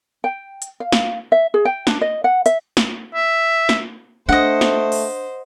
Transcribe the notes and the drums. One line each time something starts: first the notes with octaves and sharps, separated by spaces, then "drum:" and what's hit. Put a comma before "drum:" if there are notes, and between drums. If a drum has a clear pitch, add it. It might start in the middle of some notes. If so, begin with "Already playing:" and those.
G5
drum: hi-hat
F5
drum: snare
E5
G#4
G5
D4, drum: snare
D#5
F#5
E5, drum: hi-hat
drum: snare
E5
drum: snare
A3 D4 C5 D#5 F#5
drum: snare
drum: open hi-hat